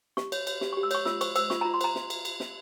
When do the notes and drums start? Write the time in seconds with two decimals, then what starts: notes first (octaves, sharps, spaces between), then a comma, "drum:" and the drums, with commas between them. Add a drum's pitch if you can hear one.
0.17 G4 C#6, drum: snare
0.32 C#5, drum: cymbal
0.47 C#5, drum: cymbal
0.61 G4, drum: snare
0.73 G4 C#6
0.83 E6
0.91 C#5 C#6, drum: cymbal
1.06 F4 E6, drum: snare
1.21 C5 C#6, drum: cymbal
1.36 C5 E6, drum: cymbal
1.50 F4 C#6, drum: snare
1.61 F4 A#5
1.74 C6
1.81 C5 A#5, drum: cymbal
1.95 drum: snare
2.10 drum: cymbal
2.25 drum: cymbal
2.40 drum: snare